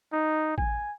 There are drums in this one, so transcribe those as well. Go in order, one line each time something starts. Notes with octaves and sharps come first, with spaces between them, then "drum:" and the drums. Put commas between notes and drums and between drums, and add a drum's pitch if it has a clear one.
D#4
G#5, drum: kick A1